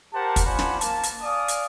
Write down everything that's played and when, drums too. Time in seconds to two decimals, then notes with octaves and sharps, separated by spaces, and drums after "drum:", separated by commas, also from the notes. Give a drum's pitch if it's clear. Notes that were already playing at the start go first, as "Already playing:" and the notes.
0.14 G4 A#4 C5 F#5 A5
0.36 drum: kick, hi-hat
0.46 F4 C5 D5 F#5 G#5 B5
0.59 drum: snare
0.81 A#3 A5, drum: hi-hat
1.03 drum: hi-hat
1.23 D5 F5 G#5 D#6
1.48 drum: hi-hat